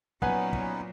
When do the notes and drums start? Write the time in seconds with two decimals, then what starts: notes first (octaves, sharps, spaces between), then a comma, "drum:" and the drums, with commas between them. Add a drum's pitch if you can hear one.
0.22 A#2 F#3 B3 C#4 D#4 B4 G#5, drum: kick
0.53 drum: kick